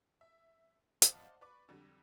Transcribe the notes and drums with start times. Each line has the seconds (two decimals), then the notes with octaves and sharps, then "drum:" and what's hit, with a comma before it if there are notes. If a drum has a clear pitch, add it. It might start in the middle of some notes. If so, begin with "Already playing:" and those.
0.21 E5
1.02 C5 D5 D#5 F5 F#5 A5, drum: hi-hat
1.41 B4 D5 B5 C#6 D6
1.68 F2 D3 F#3 G3